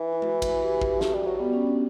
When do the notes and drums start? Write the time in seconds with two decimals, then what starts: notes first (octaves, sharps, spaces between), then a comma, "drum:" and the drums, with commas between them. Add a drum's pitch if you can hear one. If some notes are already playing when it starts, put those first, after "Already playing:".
Already playing: E3
0.13 E4
0.22 F#4, drum: tom G#3
0.42 drum: kick, cymbal
0.62 G4
0.81 drum: kick
0.90 G4
1.01 A3 F#4, drum: snare
1.14 G3
1.27 F#3
1.39 G3 B3
1.53 C#4
1.67 D4